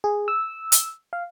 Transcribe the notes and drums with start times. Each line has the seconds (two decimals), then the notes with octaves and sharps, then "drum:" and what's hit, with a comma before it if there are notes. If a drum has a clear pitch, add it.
0.04 G#4
0.28 E6
0.72 drum: hi-hat
1.13 F5